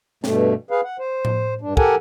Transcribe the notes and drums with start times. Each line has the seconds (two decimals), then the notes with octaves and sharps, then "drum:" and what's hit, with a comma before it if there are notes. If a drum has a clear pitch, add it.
0.24 G2 B2 A3, drum: snare
0.71 G#4 B4 F5
0.84 F#5
0.99 C5
1.25 drum: tom A2
1.61 G2 D4
1.77 G4 A4 A#4 F#5 G#5, drum: kick